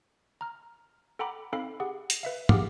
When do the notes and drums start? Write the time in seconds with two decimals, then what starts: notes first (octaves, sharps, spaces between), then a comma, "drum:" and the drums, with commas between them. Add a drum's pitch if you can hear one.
0.41 A#5 F6
1.19 A4 F#5 G5 A#5 B5 D6
1.53 C4 D#4 A4 F5 B5 C7
1.80 G4 G#4 F#5
2.10 drum: hi-hat
2.23 B4 E5 F5
2.49 G4 G#4 F5 F#5 D6 F6, drum: tom